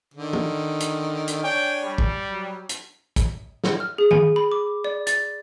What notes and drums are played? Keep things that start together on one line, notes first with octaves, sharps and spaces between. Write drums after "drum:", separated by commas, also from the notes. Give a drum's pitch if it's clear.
D3 D#3
drum: tom
drum: hi-hat
drum: hi-hat
D4 C#5 G5 G#5
G3
drum: kick
F#3
drum: hi-hat
drum: kick, hi-hat
drum: snare
F6
G#4
G#5, drum: tom
B5
D6
D5
A6, drum: hi-hat